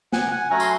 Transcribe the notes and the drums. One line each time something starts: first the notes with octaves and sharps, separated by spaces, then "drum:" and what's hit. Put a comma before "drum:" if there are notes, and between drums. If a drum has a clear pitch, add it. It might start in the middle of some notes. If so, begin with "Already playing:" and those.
F#5 G#5, drum: snare
F#5 G#5
F#3 A3 C#4 G#5 A#5
C6, drum: tambourine